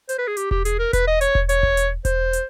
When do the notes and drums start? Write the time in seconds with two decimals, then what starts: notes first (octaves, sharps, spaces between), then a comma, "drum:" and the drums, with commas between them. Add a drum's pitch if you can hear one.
0.09 C5, drum: hi-hat
0.19 B4
0.28 G#4
0.37 G4, drum: hi-hat
0.51 G4, drum: kick E1
0.65 G#4, drum: hi-hat
0.79 A#4
0.93 B4, drum: kick E1, hi-hat
1.07 D#5
1.21 C#5, drum: hi-hat
1.35 drum: kick E1
1.49 C#5, drum: hi-hat
1.63 drum: kick E1
1.77 drum: hi-hat
2.05 C5, drum: kick E1, hi-hat
2.33 drum: hi-hat